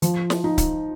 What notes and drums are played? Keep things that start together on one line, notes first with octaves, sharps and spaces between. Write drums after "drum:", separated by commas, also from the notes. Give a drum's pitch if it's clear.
F3, drum: hi-hat
drum: snare
D#4
drum: kick C#1, hi-hat